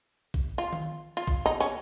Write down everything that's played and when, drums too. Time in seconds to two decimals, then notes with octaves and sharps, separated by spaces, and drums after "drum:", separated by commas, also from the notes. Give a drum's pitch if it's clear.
0.34 drum: kick A1
0.58 F4
0.73 drum: tom D#3
1.17 F4
1.27 drum: kick A1
1.46 D#4
1.60 C#4